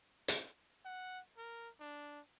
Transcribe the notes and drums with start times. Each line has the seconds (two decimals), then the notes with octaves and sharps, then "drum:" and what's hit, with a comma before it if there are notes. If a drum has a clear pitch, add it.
0.28 drum: hi-hat
0.85 F#5
1.38 A#4
1.81 D4